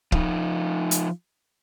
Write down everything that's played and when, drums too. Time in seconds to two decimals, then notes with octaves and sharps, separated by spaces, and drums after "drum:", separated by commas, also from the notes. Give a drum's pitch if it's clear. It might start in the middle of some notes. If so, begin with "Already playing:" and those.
0.12 F3 D#4, drum: kick
0.91 drum: hi-hat